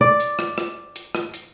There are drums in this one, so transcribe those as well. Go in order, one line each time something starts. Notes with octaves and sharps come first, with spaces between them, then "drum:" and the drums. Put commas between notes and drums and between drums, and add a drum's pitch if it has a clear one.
D5
drum: hi-hat
drum: rim click
drum: rim click
drum: hi-hat
drum: rim click
drum: hi-hat